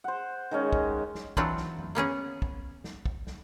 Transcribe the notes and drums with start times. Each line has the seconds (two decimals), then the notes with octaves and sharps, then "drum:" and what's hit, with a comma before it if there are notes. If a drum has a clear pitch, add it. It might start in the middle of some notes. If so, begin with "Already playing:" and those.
0.04 C5 F#5
0.51 D#3 G#3 C#4
0.73 drum: kick
1.15 drum: snare
1.37 E3 F#3 C4 D4 F4 F#4, drum: kick
1.57 drum: snare
1.78 drum: tom F#2
1.95 A#3 B3 C#4 G#4
2.42 drum: kick
2.84 drum: snare
3.06 drum: kick
3.27 drum: snare